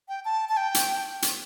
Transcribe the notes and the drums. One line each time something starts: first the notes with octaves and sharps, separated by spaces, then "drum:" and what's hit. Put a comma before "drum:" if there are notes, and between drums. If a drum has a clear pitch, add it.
G5
A5
A5
G5
drum: hi-hat
drum: hi-hat